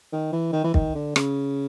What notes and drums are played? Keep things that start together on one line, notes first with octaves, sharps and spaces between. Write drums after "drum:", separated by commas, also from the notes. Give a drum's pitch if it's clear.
D#3
E3
D#3
E3
D#3, drum: kick
D3
C#3, drum: rim click